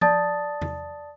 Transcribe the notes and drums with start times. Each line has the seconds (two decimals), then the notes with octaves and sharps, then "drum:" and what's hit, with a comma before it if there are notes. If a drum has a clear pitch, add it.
0.01 D5 A5 D#6 A6, drum: tom F3
0.61 drum: tom